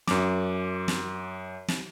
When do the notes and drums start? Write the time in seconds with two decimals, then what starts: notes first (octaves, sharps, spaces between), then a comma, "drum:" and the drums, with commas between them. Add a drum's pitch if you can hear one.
0.07 F#2 D6, drum: snare
0.88 drum: snare
1.68 drum: snare